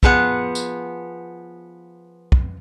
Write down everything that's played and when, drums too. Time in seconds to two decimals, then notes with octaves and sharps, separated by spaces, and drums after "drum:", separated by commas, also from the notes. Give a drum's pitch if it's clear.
0.03 F3 B3 G#4 C5 F#5, drum: kick
0.55 drum: tambourine
2.32 drum: kick